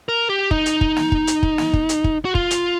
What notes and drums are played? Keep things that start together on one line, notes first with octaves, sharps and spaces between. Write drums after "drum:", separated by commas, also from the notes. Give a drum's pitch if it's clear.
A#4
G4
D#4, drum: kick
drum: hi-hat
drum: kick
drum: snare
drum: kick
drum: hi-hat
drum: kick
drum: snare
drum: kick
drum: hi-hat
drum: kick
F#4
F4, drum: kick
drum: hi-hat